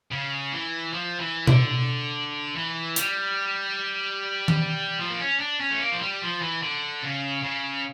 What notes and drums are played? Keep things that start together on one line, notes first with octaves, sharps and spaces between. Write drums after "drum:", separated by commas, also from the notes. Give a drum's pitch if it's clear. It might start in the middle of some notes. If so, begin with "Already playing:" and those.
C#3
E3
F3
E3
D3, drum: tom B2
E3
G3, drum: hi-hat
drum: tom D#3
F3
A#3
C#4
D4
C#4
A3
A#3
F3
G3
F3
E3
D3
C#3
C#3